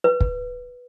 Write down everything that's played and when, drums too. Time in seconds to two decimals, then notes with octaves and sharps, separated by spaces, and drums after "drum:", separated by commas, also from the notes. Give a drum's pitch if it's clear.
0.04 B4
0.20 drum: kick